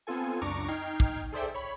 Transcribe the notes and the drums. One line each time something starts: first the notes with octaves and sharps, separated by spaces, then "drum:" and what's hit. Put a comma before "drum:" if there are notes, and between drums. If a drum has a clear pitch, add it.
B3 C4 F4 A4 G#5
C#2 F#2 D4 A#5 C#6 D6
D#4 G5 F6 G#6 C7
drum: kick
G#4 A4 C5 D5 E5 G5
C#5 B5